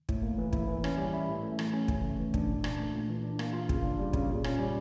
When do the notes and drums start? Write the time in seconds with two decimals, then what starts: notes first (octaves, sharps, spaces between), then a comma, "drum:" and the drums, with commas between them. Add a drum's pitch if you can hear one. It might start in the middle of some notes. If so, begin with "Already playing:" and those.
0.09 A2, drum: kick
0.23 A#3
0.38 E3
0.53 E4, drum: kick
0.68 E3
0.84 C#4, drum: rim click
0.98 G3
1.14 E4
1.28 A2
1.43 A3
1.59 E3, drum: rim click
1.73 C#4
1.88 C#3, drum: kick
2.03 A3
2.19 E3
2.34 D4, drum: kick
2.49 A#2
2.64 D4, drum: rim click
2.79 A3
2.94 A#2
3.09 E3
3.24 D4
3.39 A#3, drum: rim click
3.53 F4
3.69 C#3, drum: kick
3.84 D4
3.99 G3
4.13 C#3, drum: kick
4.29 A#2
4.44 C#4, drum: rim click
4.59 G3